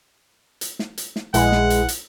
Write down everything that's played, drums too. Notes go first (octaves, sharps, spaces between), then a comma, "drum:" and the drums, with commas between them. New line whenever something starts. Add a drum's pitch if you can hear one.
drum: hi-hat
drum: snare
drum: hi-hat
drum: snare
A#1 G#3 E4 B4 F#5, drum: hi-hat
drum: snare
drum: hi-hat
drum: hi-hat